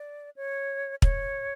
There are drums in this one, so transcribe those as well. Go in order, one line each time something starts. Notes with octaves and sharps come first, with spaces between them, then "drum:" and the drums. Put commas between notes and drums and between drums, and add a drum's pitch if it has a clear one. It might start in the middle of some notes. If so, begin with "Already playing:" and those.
Already playing: D5
C#5
C#5, drum: kick